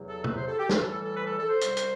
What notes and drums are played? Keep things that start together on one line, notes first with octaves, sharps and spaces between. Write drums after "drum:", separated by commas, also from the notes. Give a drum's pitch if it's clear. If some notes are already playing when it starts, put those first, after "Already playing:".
Already playing: E2 C3 F#3
A4
B4, drum: tom
C5
A4
G4
A2 E3 G3 B4, drum: snare
A4
A4
A4
B4
A4
A4
C5
C2 C3 G3, drum: hi-hat
drum: hi-hat